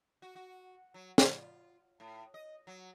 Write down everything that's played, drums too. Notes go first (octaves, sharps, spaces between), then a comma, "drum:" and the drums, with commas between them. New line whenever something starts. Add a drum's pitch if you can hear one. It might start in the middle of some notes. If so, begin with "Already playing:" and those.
F#4
F#4
F#3
F4, drum: snare
A2
D#5
F#3